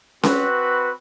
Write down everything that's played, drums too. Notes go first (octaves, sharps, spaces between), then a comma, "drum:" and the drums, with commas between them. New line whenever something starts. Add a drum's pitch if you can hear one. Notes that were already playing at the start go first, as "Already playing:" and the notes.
C4 F#4 B4, drum: snare C#4